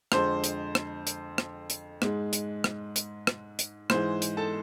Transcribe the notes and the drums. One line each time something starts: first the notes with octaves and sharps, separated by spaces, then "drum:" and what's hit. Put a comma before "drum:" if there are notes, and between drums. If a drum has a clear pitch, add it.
F2 D3 G#3 C5 C6, drum: rim click
drum: hi-hat
drum: rim click
drum: hi-hat
drum: rim click
drum: hi-hat
G#2 G#3, drum: rim click
drum: hi-hat
drum: rim click
drum: hi-hat
drum: rim click
drum: hi-hat
G#2 E3 G#3 C5 C6, drum: rim click
drum: hi-hat
A4 A5